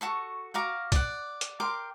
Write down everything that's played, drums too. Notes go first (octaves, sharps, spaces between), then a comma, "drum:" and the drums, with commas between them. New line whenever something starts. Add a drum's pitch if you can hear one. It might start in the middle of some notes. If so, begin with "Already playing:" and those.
F#4 A4 C#6
F#4 F5 A#5 D6
D5 F#5, drum: kick, hi-hat
drum: hi-hat
A#4 G5 C6 D6